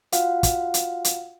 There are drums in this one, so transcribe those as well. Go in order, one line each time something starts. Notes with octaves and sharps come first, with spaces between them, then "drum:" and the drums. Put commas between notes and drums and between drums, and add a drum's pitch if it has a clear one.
F4 F#4 F5 F#5, drum: hi-hat
drum: kick, hi-hat
drum: hi-hat
drum: hi-hat